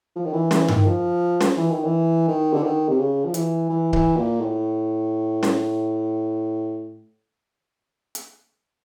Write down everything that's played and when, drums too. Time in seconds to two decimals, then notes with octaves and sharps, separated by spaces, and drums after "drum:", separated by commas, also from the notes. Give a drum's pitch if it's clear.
0.16 F3
0.25 D#3
0.33 E3
0.51 E3, drum: snare
0.68 D#3, drum: tom G2
0.86 F3
1.41 drum: snare
1.57 E3
1.71 D#3
1.84 E3
2.28 D#3
2.53 D3
2.63 D#3
2.89 C3
2.99 C#3
3.25 F3
3.34 E3, drum: hi-hat
3.69 E3
3.93 E3, drum: kick C#1
4.17 A#2
4.40 A2
5.43 drum: snare
8.15 drum: hi-hat